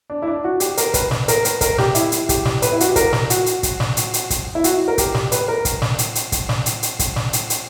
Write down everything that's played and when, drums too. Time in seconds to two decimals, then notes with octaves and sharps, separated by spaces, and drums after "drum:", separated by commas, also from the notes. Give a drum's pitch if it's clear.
0.10 D4
0.22 E4
0.27 D4
0.44 F#4
0.60 G4, drum: hi-hat
0.77 A#4, drum: hi-hat
0.94 B4, drum: kick, hi-hat
1.11 drum: snare
1.28 A#4, drum: hi-hat
1.45 B4, drum: hi-hat
1.61 A#4, drum: kick, hi-hat
1.78 G4, drum: snare
1.95 E4, drum: hi-hat
2.12 drum: hi-hat
2.29 G4, drum: kick, hi-hat
2.45 drum: snare
2.62 B4, drum: hi-hat
2.73 E4
2.80 F#4, drum: hi-hat
2.88 G4
2.96 A#4, drum: kick, hi-hat
3.13 drum: snare
3.30 F#4, drum: hi-hat
3.46 drum: hi-hat
3.63 drum: kick, hi-hat
3.80 drum: snare
3.97 drum: hi-hat
4.14 drum: hi-hat
4.30 drum: kick, hi-hat
4.55 E4
4.64 F#4, drum: hi-hat
4.88 A#4
4.98 G4, drum: kick, hi-hat
5.14 drum: snare
5.32 B4, drum: hi-hat
5.48 A#4
5.65 drum: kick, hi-hat
5.82 drum: snare
5.99 drum: hi-hat
6.15 drum: hi-hat
6.32 drum: kick, hi-hat
6.49 drum: snare
6.66 drum: hi-hat
6.83 drum: hi-hat
6.99 drum: kick, hi-hat
7.16 drum: snare
7.33 drum: hi-hat
7.50 drum: hi-hat